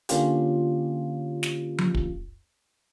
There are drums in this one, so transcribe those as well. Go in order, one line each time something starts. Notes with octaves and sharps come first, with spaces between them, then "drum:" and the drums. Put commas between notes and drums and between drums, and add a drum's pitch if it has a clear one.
D3 A#3 C#4 F4 G4, drum: hi-hat
drum: snare
drum: tom F3
drum: kick